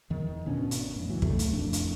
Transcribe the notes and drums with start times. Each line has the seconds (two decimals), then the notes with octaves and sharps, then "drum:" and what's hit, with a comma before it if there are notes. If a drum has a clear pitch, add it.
0.10 E2 D#3
0.45 G#1 B2 C#4 D4
0.71 drum: hi-hat
0.96 F2 A2
1.09 C#2 E3 F#3
1.22 D#1 C#2 G2 A3, drum: kick
1.39 drum: hi-hat
1.53 F1 F2 A2 D4
1.73 drum: hi-hat